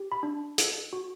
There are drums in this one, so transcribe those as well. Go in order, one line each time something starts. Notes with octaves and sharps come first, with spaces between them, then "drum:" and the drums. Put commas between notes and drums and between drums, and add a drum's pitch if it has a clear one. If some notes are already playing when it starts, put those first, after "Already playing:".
Already playing: G4
B5
D4
A4, drum: hi-hat
F#4